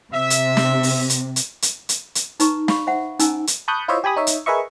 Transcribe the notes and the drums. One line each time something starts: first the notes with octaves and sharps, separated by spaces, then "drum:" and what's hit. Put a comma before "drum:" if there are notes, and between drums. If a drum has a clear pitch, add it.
C3 E5
drum: hi-hat
drum: snare
drum: open hi-hat
drum: hi-hat
drum: hi-hat
drum: hi-hat
drum: hi-hat
drum: hi-hat
D#4 B4 A#5 C#6, drum: hi-hat
F5 B5 C#6, drum: snare
C5 E5 F#5
C#4 D#4 G#5 A#5 E6, drum: hi-hat
drum: hi-hat
A5 B5 C#6 D#6 F#6 G6
E4 F4 C5 C#5 D#5 E5
G4 G#5 B5 D#6
D#4 C#5 E5
drum: hi-hat
G#4 A#4 B4 D#5 E5 C#6